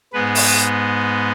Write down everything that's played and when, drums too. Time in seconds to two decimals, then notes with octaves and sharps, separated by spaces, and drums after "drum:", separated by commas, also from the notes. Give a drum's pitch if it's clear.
0.13 G#2 G#3 B3 B4
0.35 drum: open hi-hat
0.47 B4